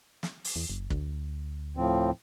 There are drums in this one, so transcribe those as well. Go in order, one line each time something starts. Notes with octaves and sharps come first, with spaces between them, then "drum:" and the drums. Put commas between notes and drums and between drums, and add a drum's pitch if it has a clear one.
drum: snare
drum: open hi-hat
E2
F#1
D2, drum: kick
A2 F3 C4